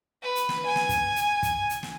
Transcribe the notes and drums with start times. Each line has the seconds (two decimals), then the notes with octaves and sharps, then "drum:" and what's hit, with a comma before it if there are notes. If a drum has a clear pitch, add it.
0.22 B4
0.35 drum: hi-hat
0.49 drum: snare
0.66 G#5
0.76 drum: snare
0.89 drum: kick, hi-hat
1.16 drum: hi-hat
1.43 drum: kick, hi-hat
1.69 drum: hi-hat
1.83 drum: snare